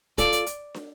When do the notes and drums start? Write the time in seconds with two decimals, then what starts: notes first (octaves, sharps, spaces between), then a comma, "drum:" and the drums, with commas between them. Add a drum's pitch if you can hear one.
0.18 F4 A4 D5, drum: kick, hi-hat
0.32 drum: hi-hat
0.46 drum: hi-hat
0.74 drum: snare